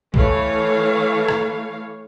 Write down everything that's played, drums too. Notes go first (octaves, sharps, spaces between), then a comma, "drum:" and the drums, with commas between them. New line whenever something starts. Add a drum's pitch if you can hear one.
E3 A3 C#5 F5, drum: kick
drum: rim click